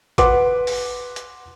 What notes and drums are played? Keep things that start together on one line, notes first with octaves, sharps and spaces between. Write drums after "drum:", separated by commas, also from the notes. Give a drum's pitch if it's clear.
B4 F#5 C6 D6, drum: kick A1, hi-hat
drum: open hi-hat
drum: hi-hat